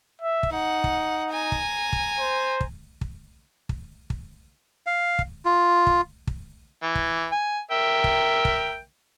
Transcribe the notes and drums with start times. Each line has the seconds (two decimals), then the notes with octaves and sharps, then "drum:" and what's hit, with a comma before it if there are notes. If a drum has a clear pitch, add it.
0.21 E5
0.43 drum: kick
0.52 D#4 F#5
0.84 drum: kick
1.33 G#5 A#5
1.52 drum: kick
1.93 drum: kick
2.20 C5
2.61 drum: kick
3.01 drum: kick
3.69 drum: kick
4.10 drum: kick
4.86 F5
5.19 drum: kick
5.45 F4
5.87 drum: kick
6.27 drum: kick
6.82 E3
6.95 drum: kick
7.32 G#5
7.71 A#4 E5 G5
8.04 drum: kick
8.45 drum: kick